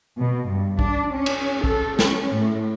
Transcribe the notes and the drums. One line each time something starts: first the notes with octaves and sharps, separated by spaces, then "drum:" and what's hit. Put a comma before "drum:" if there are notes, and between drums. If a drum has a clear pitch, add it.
B2
G2
D4, drum: kick
C#4
drum: cymbal
A4, drum: kick
C#4, drum: snare
A2